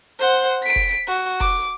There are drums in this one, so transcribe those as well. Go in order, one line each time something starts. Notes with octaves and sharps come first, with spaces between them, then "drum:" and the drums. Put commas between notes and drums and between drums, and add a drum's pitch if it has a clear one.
C5 F#5
B6 D7
drum: kick F1
F#4
D6, drum: kick F1